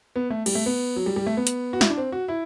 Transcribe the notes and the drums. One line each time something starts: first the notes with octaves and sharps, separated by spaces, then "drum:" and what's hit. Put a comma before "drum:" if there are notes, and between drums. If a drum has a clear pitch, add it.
B3
A3
G3, drum: cymbal
A3
B3
F#3
G3
G3
A3
B3
drum: hi-hat
F#4
E4, drum: snare
D4
C4
F#4
E4